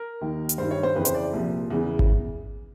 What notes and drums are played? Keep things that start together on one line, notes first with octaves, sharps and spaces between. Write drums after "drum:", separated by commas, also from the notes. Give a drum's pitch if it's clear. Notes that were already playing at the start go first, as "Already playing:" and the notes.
Already playing: A#4
D#2 D#3
drum: hi-hat
G2 D#3 C5
C#5
C5
F2 C#3 E3 B4
C5, drum: hi-hat
D5
C2 A#2 F3
E2 C#3 E3
drum: kick G#1